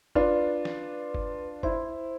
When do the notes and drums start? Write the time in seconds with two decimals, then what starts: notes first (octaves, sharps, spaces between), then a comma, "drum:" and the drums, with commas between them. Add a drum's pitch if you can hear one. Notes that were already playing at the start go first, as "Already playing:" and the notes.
0.15 D4 F4 B4, drum: kick F#1
0.65 drum: snare
1.15 drum: kick F#1
1.63 E4 C5, drum: kick F#1